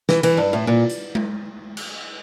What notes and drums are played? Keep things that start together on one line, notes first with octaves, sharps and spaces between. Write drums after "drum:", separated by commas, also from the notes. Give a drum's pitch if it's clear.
E3, drum: snare
E3, drum: cymbal
G2
A2
A#2
drum: hi-hat
drum: tom G#3
drum: cymbal